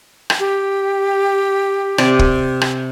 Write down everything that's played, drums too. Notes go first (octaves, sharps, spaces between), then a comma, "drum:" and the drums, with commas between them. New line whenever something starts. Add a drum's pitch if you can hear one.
drum: rim click
G4
C3 D5, drum: rim click
drum: kick
drum: rim click